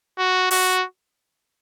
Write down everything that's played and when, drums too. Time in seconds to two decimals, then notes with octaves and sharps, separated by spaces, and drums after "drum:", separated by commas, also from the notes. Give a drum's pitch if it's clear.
0.18 F#4
0.51 F#4, drum: open hi-hat